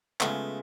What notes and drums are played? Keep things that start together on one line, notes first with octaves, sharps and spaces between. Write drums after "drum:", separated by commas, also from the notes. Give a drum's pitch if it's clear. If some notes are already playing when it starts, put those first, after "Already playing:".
C#3 G#3 A3 B3 F4 G#4, drum: clap